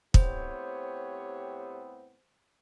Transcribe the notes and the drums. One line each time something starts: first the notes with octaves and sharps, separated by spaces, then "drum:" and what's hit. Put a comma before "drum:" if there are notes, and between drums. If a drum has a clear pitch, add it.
A2 B3 C4 G4 C5 C#5, drum: kick